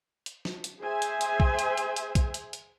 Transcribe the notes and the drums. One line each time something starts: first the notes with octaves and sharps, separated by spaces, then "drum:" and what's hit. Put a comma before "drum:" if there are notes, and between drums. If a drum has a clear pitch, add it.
drum: hi-hat
drum: snare
drum: hi-hat
G#4 C5 E5 G#5
drum: hi-hat
drum: hi-hat
drum: kick B1
drum: hi-hat
drum: hi-hat
drum: hi-hat
drum: kick B1, hi-hat
drum: hi-hat
drum: hi-hat